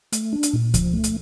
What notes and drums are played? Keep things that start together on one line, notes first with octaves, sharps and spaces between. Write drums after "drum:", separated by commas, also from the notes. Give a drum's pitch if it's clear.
A3, drum: hi-hat
D4
drum: hi-hat
A#2
F3, drum: kick C#2, hi-hat
A3
drum: hi-hat